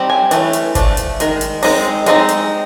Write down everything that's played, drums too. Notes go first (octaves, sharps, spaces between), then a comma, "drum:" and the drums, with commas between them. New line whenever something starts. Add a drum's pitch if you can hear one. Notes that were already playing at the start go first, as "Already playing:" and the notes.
Already playing: G3 C4 D#4
G#5
E3 A3 C#4, drum: hi-hat
drum: hi-hat
F3 A3 D4, drum: kick G1, hi-hat
drum: hi-hat
D#3 G#3, drum: hi-hat
drum: hi-hat
G#3 C4 D#4, drum: open hi-hat
G#3 C4 D#4, drum: hi-hat
drum: hi-hat